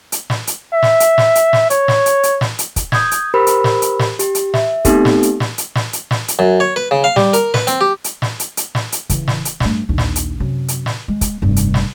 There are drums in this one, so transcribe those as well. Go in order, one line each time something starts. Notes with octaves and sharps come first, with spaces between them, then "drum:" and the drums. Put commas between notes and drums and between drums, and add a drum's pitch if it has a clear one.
drum: hi-hat
drum: snare
drum: hi-hat
E5
drum: snare
drum: hi-hat
drum: snare
drum: hi-hat
drum: snare
C#5, drum: hi-hat
drum: snare
drum: hi-hat
drum: hi-hat
drum: snare
drum: hi-hat
drum: kick, hi-hat
D#6 G6 G#6, drum: snare
drum: hi-hat
G4 A#4 C5 B5 E6
drum: hi-hat
drum: snare
drum: hi-hat
drum: snare
G4, drum: hi-hat
drum: hi-hat
E5, drum: snare
A3 B3 C4 D#4 G4 A4, drum: kick, hi-hat
drum: snare
drum: hi-hat
drum: snare
drum: hi-hat
drum: snare
drum: hi-hat
drum: snare
drum: hi-hat
F#2
C#5
B4
C#3
F5
G3, drum: snare
A#4, drum: hi-hat
B4, drum: snare
C4, drum: hi-hat
G4
drum: hi-hat
drum: snare
drum: hi-hat
drum: hi-hat
drum: snare
drum: hi-hat
C#3 E3, drum: kick, hi-hat
drum: snare
drum: hi-hat
G2 A3, drum: snare
A#1 D#2
drum: snare
drum: hi-hat
F#2 C3
drum: hi-hat
drum: snare
G#3
drum: kick, hi-hat
F1 G2
drum: hi-hat
drum: snare